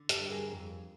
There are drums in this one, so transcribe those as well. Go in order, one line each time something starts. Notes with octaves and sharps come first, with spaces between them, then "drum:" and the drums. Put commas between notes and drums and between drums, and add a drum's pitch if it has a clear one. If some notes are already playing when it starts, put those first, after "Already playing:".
Already playing: D3
G4 A4, drum: hi-hat
G2
G#4 A#4
F2